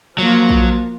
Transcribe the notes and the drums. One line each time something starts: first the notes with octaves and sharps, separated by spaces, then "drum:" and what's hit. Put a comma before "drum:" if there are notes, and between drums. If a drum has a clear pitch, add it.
F3 F#3 A#3 F4
drum: kick A#1